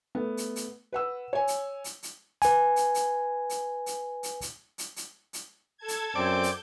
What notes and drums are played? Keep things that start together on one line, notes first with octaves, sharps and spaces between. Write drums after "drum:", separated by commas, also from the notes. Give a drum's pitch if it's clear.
A3 B3
drum: hi-hat
drum: hi-hat
B4 F#5 E6
C#5 G#5
drum: hi-hat
drum: hi-hat
drum: hi-hat
B4 G#5, drum: hi-hat
drum: hi-hat
drum: hi-hat
drum: hi-hat
drum: hi-hat
drum: hi-hat
drum: hi-hat
drum: hi-hat
drum: hi-hat
drum: hi-hat
A4 A5 G#6
drum: hi-hat
F#2 C4 D5 D6 G6
drum: hi-hat